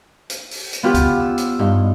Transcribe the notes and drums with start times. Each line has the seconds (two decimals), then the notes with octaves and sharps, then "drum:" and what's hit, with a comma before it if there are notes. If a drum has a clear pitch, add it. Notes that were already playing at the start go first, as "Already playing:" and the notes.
0.30 drum: hi-hat
0.51 drum: open hi-hat
0.73 drum: hi-hat
0.83 B3 C#4 F4 G4
0.94 drum: kick, hi-hat
1.20 E6
1.38 drum: hi-hat
1.59 G2 D#4